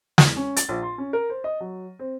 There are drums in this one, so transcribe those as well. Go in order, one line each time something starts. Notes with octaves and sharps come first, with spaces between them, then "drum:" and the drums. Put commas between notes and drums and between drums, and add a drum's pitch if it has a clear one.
E2, drum: snare
C#4
A6, drum: hi-hat
A#1
C6
C#4
A#4
C5
D#5
F#3
C4